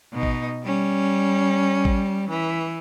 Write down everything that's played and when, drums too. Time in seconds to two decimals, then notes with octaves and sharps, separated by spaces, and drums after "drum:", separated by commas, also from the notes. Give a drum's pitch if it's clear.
0.13 B2 D#4
0.23 drum: kick A1
0.64 G3 C#4
1.85 drum: kick A1
2.30 E3